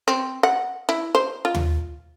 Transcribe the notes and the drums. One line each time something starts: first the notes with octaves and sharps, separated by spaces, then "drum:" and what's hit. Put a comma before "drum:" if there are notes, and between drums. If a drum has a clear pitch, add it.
C4
F#5
E4
C5
F4
drum: tom D#2